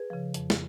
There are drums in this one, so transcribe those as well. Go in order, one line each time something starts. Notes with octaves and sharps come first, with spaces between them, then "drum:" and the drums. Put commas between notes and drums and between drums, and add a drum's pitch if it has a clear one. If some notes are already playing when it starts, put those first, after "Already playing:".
Already playing: G#4 B4
C#3 F3
F2, drum: hi-hat
drum: snare